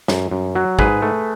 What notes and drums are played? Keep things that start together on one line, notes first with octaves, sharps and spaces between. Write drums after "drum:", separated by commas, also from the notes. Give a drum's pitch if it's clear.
F#2, drum: snare
F#2
F#3
G#2 G#4 B4, drum: kick
A3